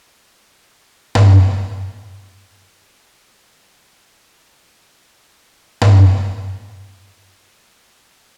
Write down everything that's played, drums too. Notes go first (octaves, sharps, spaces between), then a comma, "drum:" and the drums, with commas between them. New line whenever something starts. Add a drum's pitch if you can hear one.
F2 B2 E3
drum: tom G2
D#2 G#4 A#4 F6
drum: tom G2
A#2 D3 D#3